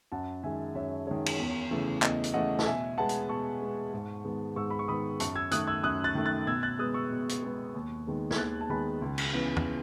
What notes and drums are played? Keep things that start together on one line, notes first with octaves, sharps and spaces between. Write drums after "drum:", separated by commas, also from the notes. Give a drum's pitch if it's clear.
F#2 F#5 A5
D#3 G#3 E5 G#5
F#2 C#5 E5
D#3 G#3 C#5
drum: cymbal
E2
C#3 E3 A3
E2 D#5, drum: clap
drum: hi-hat
C#3 E3 A3 D#5 F#5
A5, drum: snare
B2 E5 G#5
G#3 B3 F#5 A5
drum: hi-hat
B2 A5 C#6
G#3 B3
G#2
D#3 G#3 B3
G#2 C#6 E6
B5
C#6
D#3 G#3 B3 B5 D#6
F#2 A5 C#6, drum: hi-hat
E6 G#6
D#3 A3 D#6 F#6, drum: hi-hat
E6 G#6
F#2 D#6 F#6
F#6 A6
D#3 A3
F#6 A6
B2 E6 G#6
F#6 A6
G#3 B3 D#6 F#6
C#6 E6
B2
drum: hi-hat
G#3 B3
D#2
D#3 G#3 B3
G#6, drum: snare
D#2 F#6 A6
A5
D#3 G#3 B3 G#5 B5
C#2
drum: cymbal
C#3 E3 B3
drum: tom